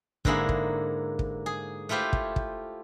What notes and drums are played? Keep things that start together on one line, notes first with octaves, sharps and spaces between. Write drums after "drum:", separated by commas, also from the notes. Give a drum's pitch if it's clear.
G#2 D3 A#3 E4 G#4, drum: kick
drum: kick
drum: kick
G#4
A3 E4 F4 G4 C5
drum: kick
drum: kick